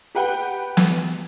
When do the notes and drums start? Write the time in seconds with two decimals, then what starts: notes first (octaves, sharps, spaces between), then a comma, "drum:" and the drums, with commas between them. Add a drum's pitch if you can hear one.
0.15 G4 B4 F#5 G5
0.77 drum: snare